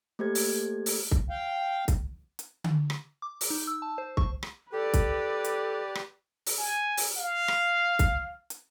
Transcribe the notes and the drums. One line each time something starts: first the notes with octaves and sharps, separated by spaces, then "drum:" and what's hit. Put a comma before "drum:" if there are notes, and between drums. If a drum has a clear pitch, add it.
A3 A#3 G4 A4 C5 G#6
drum: open hi-hat
drum: open hi-hat
drum: kick C2
F5 G5
drum: kick C2, hi-hat
drum: hi-hat
drum: tom D3
drum: rim click
D6
drum: open hi-hat
D#4
E6
A5
C5
C#6, drum: kick C2
drum: rim click
G4 A4 B4 D5
drum: kick C2, hi-hat
drum: hi-hat
drum: rim click
drum: open hi-hat
G#5
drum: open hi-hat
F5
drum: rim click
drum: kick C2, hi-hat
drum: hi-hat